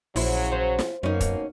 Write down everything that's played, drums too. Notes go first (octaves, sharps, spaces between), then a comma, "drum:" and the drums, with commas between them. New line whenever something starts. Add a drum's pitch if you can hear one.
A#1 C#3 F#3 E4 C5, drum: open hi-hat
C5
drum: snare
F#2 B2 A#3 C#4 D#4
drum: kick, hi-hat